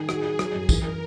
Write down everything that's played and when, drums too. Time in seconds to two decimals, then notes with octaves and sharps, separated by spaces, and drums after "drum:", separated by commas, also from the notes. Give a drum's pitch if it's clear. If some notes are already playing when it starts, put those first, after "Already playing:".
Already playing: D#3 G#4
0.09 F#4, drum: rim click
0.24 F#4
0.39 F#3, drum: rim click
0.55 F#2
0.69 E3 A#4, drum: kick, tambourine